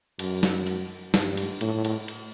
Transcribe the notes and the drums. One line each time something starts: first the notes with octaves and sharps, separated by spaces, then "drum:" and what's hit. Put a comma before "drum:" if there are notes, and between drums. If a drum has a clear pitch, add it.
F#2, drum: cymbal
drum: snare
drum: cymbal
G2, drum: snare
drum: cymbal
A2, drum: cymbal
drum: cymbal
drum: cymbal